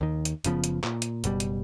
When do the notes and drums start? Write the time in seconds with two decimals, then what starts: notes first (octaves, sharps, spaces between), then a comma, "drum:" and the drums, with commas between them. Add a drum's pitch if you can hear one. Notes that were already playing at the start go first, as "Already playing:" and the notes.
0.01 D#2 D#3
0.25 drum: hi-hat
0.44 F#1 C#3 F3 B3, drum: hi-hat
0.64 drum: hi-hat
0.84 A#2, drum: clap
1.02 drum: hi-hat
1.24 F#1 B2 G3, drum: hi-hat
1.40 drum: hi-hat